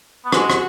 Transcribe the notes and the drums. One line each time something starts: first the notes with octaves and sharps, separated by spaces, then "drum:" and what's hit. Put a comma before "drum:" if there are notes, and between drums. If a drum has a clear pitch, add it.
B3
G#3 F#4, drum: rim click
drum: rim click